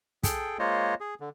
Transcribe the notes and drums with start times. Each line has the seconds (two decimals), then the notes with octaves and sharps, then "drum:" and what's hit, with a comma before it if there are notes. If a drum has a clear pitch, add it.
0.23 G#4 A4 G5, drum: kick, hi-hat
0.59 G#3 A#3 F4 C5 C#5 D#5
1.01 G#4
1.20 D3